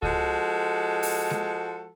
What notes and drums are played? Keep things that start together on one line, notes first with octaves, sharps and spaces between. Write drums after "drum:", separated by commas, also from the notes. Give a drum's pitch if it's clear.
F3 G#3 F#4 A4, drum: kick C#2
drum: open hi-hat
drum: snare G#3